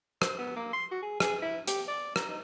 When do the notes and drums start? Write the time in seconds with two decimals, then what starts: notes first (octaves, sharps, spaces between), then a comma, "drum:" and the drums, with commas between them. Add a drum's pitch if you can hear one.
0.22 C5, drum: rim click
0.39 B3
0.56 A#3
0.73 C6
0.91 F#4
1.03 G#4
1.20 G#4, drum: rim click
1.42 E4
1.68 G4, drum: hi-hat
1.88 D5
2.16 A#5, drum: rim click
2.29 D#4